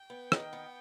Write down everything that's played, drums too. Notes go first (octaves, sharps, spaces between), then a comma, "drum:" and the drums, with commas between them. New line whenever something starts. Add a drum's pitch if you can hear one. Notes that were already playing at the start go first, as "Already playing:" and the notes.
Already playing: G5
B3
D#3, drum: rim click
B3